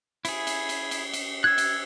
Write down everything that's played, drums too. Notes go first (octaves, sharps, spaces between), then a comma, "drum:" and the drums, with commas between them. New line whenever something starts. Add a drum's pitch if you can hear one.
E4 G#4, drum: cymbal
drum: cymbal
drum: cymbal
drum: cymbal
drum: cymbal
E6 F#6 G#6
drum: cymbal